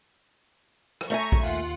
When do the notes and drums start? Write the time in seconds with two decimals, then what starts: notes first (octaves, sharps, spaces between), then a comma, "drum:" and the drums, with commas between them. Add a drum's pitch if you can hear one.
1.01 drum: rim click
1.10 A3 E5 G#5 A#5 C#6
1.32 drum: kick A#1
1.42 D#2 F4 F#5